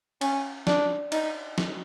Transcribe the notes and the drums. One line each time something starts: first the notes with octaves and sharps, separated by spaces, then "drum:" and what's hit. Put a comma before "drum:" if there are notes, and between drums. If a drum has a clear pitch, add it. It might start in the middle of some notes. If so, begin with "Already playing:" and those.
C#4, drum: cymbal
D4, drum: snare
D#4, drum: cymbal
drum: snare